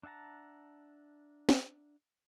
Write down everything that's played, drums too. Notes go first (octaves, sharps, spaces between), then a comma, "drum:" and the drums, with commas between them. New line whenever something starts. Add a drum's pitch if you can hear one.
D4 E5 F#5 A5 A#5
drum: snare